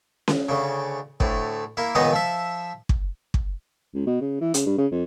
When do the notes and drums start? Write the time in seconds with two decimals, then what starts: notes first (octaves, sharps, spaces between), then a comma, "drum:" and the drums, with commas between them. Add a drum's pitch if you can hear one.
0.28 drum: snare C#4
0.49 D2 C#3
1.20 D2 A2, drum: kick
1.77 A#3 E4
1.95 C#2 A#2 D#3 B3 D#4 D#5
2.12 F3 E5
2.89 drum: kick
3.34 drum: kick
3.94 C#2
4.07 B2
4.21 C#3
4.41 E3
4.54 C#3, drum: hi-hat
4.66 G2
4.78 C#3
4.91 F2